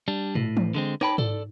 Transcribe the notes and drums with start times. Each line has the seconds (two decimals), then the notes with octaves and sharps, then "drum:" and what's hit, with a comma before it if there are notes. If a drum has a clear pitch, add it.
0.08 G3 D4
0.35 A2, drum: tom
0.57 drum: tom E3
0.74 D3 G#3 C4
1.01 D#4 C#5 G5 A5 B5, drum: rim click
1.18 A4 D5, drum: tom G#2